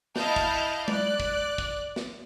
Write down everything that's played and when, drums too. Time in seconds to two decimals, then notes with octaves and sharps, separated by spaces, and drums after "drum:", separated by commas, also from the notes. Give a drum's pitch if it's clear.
0.16 E4 D#5 F5 A5 F6 G6, drum: snare
0.36 drum: kick
0.88 D5 F#6, drum: tom G#3
1.20 drum: kick
1.58 drum: kick
1.96 drum: snare